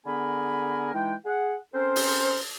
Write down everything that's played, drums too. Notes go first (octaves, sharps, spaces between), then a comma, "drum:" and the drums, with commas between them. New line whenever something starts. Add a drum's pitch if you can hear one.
D3 B3 G#4 A#4 G#5 B5
E3 G#3 D#4 G5
G#4 F#5
C4 C#4 A4 A#4 C5
drum: open hi-hat